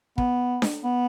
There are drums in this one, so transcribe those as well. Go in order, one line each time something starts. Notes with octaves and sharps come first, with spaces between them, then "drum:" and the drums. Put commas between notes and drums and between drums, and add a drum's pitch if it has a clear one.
B3, drum: kick
drum: snare D4
B3